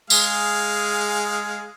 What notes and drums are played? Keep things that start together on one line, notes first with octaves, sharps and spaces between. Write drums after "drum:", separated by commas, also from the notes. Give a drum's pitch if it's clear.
G#3 G#4 F5, drum: tambourine